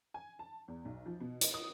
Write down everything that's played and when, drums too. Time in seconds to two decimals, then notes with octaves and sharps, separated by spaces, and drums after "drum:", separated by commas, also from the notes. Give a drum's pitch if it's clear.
0.14 G#5
0.39 A5
0.68 E2
0.85 B1
1.06 F3
1.20 B2
1.41 D#5, drum: hi-hat
1.54 D#6